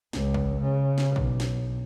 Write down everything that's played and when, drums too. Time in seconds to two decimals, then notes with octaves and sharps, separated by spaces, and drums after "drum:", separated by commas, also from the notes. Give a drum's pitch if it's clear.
0.13 C#2, drum: snare
0.34 drum: kick
0.62 C#3
0.98 drum: snare
1.16 B1, drum: kick
1.40 drum: snare